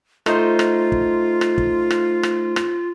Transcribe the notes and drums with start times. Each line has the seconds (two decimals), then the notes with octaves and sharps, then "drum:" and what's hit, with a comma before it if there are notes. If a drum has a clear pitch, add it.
0.26 A3 D#4 F4 C5, drum: rim click
0.59 drum: rim click
0.92 drum: kick
1.41 drum: rim click
1.58 drum: kick
1.91 drum: rim click
2.23 drum: rim click
2.56 drum: rim click